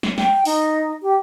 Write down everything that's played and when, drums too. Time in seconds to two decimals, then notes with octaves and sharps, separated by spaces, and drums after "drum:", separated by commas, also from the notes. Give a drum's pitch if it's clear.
0.03 drum: snare
0.18 G5, drum: snare
0.45 D#4, drum: open hi-hat
1.03 G4